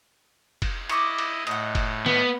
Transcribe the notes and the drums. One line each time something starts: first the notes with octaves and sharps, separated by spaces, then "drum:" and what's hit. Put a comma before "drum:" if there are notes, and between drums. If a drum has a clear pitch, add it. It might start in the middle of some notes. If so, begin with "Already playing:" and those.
drum: kick F1, cymbal
E4 D5 D#5 C#6, drum: cymbal
drum: cymbal
A2 D#5 F#5, drum: cymbal
drum: kick F1, cymbal
B3, drum: snare